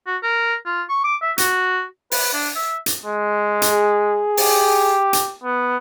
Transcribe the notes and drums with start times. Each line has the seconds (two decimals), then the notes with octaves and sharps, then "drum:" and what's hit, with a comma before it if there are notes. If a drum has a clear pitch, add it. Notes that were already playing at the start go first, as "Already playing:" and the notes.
0.06 F#4
0.23 A#4
0.66 F4
0.89 C#6
1.04 D6
1.22 E5
1.38 F#4, drum: hi-hat
2.12 B4, drum: open hi-hat
2.34 D4
2.56 E5
2.86 drum: hi-hat
3.05 G#3
3.62 drum: hi-hat
3.71 G#4
4.37 G4, drum: open hi-hat
5.13 drum: hi-hat
5.43 B3